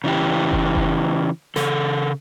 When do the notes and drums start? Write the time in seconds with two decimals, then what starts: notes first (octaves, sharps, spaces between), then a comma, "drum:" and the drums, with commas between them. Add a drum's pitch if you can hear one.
0.04 C#3 E3 G4
0.51 drum: kick F#1
0.75 drum: kick F#1
1.56 C#3 A4, drum: snare